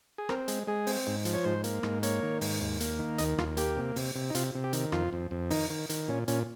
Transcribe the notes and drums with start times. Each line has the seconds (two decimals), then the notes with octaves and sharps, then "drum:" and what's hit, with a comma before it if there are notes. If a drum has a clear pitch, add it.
0.18 G#4
0.29 C4 A#4, drum: rim click
0.48 G#3, drum: hi-hat
0.67 G#3 G#4
0.87 C4, drum: open hi-hat
1.07 G#2
1.25 F3, drum: hi-hat
1.33 C#5
1.44 G#2 C5
1.64 A#3, drum: hi-hat
1.83 G#2, drum: rim click
2.03 A#3 C#5, drum: hi-hat
2.23 D#3
2.41 G#2, drum: open hi-hat
2.61 D#2
2.80 A#3, drum: hi-hat
2.99 D#3
3.18 D#2 D#5, drum: hi-hat
3.38 D#2 F4, drum: rim click
3.57 A#3 G4, drum: hi-hat
3.77 C3
3.96 C3, drum: open hi-hat
4.15 C3
4.30 D#4
4.35 C3 F4, drum: hi-hat
4.55 C3
4.64 G4
4.73 D#3, drum: hi-hat
4.92 F2 F4, drum: rim click
5.13 F2
5.31 F2
5.50 D#3 D#4, drum: open hi-hat
5.70 D#3
5.89 D#3, drum: hi-hat
6.08 A#2 C#4
6.28 A#2 C#4, drum: hi-hat